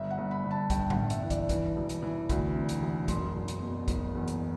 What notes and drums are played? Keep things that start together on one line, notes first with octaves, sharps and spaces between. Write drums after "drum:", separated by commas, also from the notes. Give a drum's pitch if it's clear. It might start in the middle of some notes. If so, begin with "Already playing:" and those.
Already playing: G1 E5
F#5
G1
B5
G1
A5
G2 G5, drum: kick, hi-hat
F#5, drum: tom A2
G1
E5, drum: hi-hat
E3
D5, drum: kick, hi-hat
E3, drum: kick, hi-hat
E1
drum: hi-hat
E3
D2, drum: kick, hi-hat
C3
drum: hi-hat
E1
F#1 C6, drum: kick, hi-hat
F#1
drum: hi-hat
B2
F#1, drum: kick, hi-hat
E2
drum: hi-hat